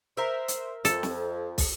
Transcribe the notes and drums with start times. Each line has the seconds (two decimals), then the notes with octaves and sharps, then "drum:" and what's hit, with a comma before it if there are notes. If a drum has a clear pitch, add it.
0.17 A#4 C5 E5
0.48 drum: hi-hat
0.85 F2 A4, drum: hi-hat
1.03 drum: snare
1.58 drum: kick, open hi-hat